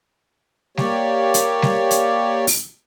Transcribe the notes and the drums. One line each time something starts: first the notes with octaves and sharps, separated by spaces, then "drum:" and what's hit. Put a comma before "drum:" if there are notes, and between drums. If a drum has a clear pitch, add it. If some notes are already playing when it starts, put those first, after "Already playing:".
A#3 G4 C#5 D5, drum: snare G3
drum: hi-hat
drum: snare G3
drum: hi-hat
drum: open hi-hat